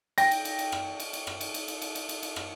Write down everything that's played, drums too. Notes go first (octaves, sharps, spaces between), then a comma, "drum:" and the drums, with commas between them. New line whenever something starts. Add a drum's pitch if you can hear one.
G5 A#6, drum: cymbal
drum: cymbal
drum: cymbal
drum: cymbal
drum: rim click
drum: cymbal
drum: cymbal
drum: rim click
drum: cymbal
drum: cymbal
drum: cymbal
drum: cymbal
drum: cymbal
drum: cymbal
drum: cymbal
drum: rim click